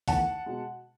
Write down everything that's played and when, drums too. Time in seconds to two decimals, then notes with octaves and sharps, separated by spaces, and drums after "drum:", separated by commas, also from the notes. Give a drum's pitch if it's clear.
0.08 E2 D#3 A3 F#5 A5, drum: kick B1, open hi-hat
0.46 B2 G#3